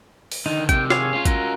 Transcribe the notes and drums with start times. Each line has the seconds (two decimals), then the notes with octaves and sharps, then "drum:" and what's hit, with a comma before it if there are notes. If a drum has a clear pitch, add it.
0.32 drum: open hi-hat
0.46 D3 D#3 D#4
0.69 C3 D#3 G5, drum: kick, hi-hat
0.90 G#4 C#5 F5, drum: snare
1.13 C#4 F4
1.25 F#4 A#4, drum: kick, hi-hat